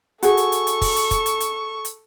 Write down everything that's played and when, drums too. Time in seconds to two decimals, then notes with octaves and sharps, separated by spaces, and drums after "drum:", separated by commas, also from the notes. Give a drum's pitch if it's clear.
0.23 F#4 G#4 A4 C#6, drum: hi-hat
0.37 drum: hi-hat
0.52 drum: hi-hat
0.67 drum: hi-hat
0.81 drum: kick, open hi-hat
0.96 drum: hi-hat
1.11 drum: kick, hi-hat
1.26 drum: hi-hat
1.40 drum: hi-hat
1.85 drum: hi-hat